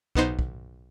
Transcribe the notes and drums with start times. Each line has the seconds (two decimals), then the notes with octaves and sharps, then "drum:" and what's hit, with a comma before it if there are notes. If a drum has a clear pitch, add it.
0.15 B1 B3 D#4 C5, drum: kick
0.39 drum: kick